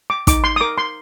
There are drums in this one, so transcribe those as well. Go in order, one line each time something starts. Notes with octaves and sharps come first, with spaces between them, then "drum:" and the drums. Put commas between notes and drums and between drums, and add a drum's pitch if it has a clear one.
D6
D#4 D6, drum: kick, hi-hat
C6
D#6
A#4 D6
C6